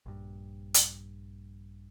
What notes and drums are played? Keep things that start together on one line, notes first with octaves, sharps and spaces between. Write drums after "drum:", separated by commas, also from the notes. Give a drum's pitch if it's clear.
A#1 G2
drum: hi-hat